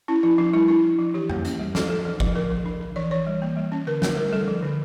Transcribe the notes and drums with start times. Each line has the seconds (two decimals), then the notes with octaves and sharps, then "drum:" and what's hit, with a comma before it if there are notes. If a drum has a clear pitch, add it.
0.08 C#4 E4
0.23 F3 E4
0.38 F3 D4
0.53 G3 E4
0.68 D4 E4
0.84 F3
0.99 F3
1.14 E3 G4
1.30 A#3, drum: tom F2
1.45 C#4, drum: hi-hat
1.59 G3
1.75 F3 A4, drum: snare
1.90 F3 A4
2.05 F3 A4
2.20 F3, drum: kick
2.36 F3 A#4
2.50 F3
2.66 D4
2.81 D4
2.96 E3 D5
3.11 E3 C#5
3.27 G3
3.42 A#3
3.57 G3
3.72 C#4
3.87 D3 A#4
4.02 A3 A#4, drum: snare
4.17 G3 A#4
4.33 G3 A4
4.48 F3
4.62 D3